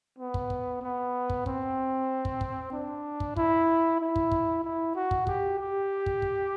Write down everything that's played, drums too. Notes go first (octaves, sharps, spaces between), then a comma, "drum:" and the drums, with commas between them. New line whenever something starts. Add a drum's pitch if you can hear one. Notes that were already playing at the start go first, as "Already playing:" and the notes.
B3
drum: kick
drum: kick
B3
drum: kick
C4, drum: kick
drum: kick
drum: kick
D4
drum: kick
E4, drum: kick
E4
drum: kick
drum: kick
E4
F#4
drum: kick
G4, drum: kick
G4
drum: kick
drum: kick